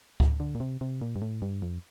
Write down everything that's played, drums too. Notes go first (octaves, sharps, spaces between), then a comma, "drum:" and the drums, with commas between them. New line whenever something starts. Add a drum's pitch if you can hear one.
drum: kick D2
D3
A#2
C3
C3
A#2
G2
A2
G2
F2